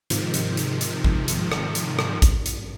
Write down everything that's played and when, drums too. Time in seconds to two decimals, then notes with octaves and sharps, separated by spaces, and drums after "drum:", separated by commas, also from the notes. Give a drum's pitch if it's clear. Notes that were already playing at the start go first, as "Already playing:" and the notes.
0.10 G#2 C3 D#3 F3, drum: hi-hat
0.34 drum: hi-hat
0.57 drum: hi-hat
0.81 drum: hi-hat
1.04 drum: kick A1
1.28 drum: hi-hat
1.52 drum: rim click
1.75 drum: hi-hat
1.99 drum: rim click
2.22 drum: kick A1, hi-hat
2.46 drum: hi-hat